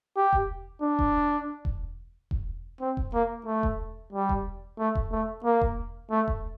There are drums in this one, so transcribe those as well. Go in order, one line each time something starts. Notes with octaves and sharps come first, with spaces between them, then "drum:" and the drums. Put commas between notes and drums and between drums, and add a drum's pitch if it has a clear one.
G4
drum: kick E1
D4
drum: kick E1
drum: kick E1
drum: kick E1
C4
drum: kick E1
A#3
A3
drum: kick E1
G3
drum: kick E1
A3
drum: kick E1
A3
A#3
drum: kick E1
A3
drum: kick E1